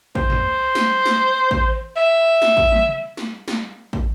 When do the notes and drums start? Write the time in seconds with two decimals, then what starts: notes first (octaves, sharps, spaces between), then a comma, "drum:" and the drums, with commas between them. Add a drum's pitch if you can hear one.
0.15 C5, drum: kick
0.30 drum: tom
0.75 drum: snare
1.06 drum: snare
1.51 drum: kick
1.96 E5
2.42 drum: snare
2.57 drum: kick
2.72 drum: tom
3.17 drum: snare
3.48 drum: snare
3.93 drum: kick